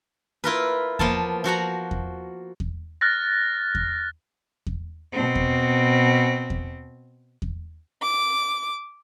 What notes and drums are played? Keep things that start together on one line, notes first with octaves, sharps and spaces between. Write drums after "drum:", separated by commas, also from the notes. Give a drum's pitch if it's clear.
E4 F4 A#4 B4
F3 A#3 B3 F4 A5, drum: kick E2
F3 F#4 F#5 A#5
drum: kick E2
drum: kick E2
F6 F#6 A6 A#6
drum: kick E2
drum: kick E2
B2 C4
drum: kick E2
drum: kick E2
drum: kick E2
D6